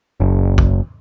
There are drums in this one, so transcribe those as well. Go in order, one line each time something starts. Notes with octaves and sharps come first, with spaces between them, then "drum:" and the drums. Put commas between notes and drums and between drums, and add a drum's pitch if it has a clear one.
F#1
drum: kick A#1